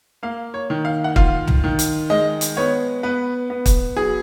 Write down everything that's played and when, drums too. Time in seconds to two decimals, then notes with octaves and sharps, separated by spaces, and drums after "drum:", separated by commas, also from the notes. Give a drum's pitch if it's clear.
0.23 A#3 F5
0.54 C#5
0.70 D#3
0.85 F5
1.04 F#5
1.16 F4 F5, drum: kick
1.48 drum: tom
1.64 D#3
1.79 drum: hi-hat
2.10 G#3 D#5
2.41 drum: hi-hat
2.57 B3 C#5
3.03 B3 B4
3.50 B3
3.66 drum: kick, hi-hat
3.97 F#3 G#4